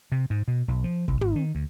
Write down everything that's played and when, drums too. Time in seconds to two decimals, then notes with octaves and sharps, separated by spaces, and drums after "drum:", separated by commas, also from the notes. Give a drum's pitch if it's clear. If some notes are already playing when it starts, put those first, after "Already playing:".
0.12 C3
0.30 G#2
0.48 B2
0.68 B1
0.84 F3
1.08 C2, drum: kick G#1
1.21 G#1, drum: tom
1.36 D#3
1.55 D2